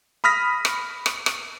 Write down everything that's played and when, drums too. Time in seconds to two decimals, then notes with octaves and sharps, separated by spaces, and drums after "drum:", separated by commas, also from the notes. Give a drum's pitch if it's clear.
0.24 B5 D#6 F6 A#6 B6
0.65 drum: rim click
1.06 drum: rim click
1.26 drum: rim click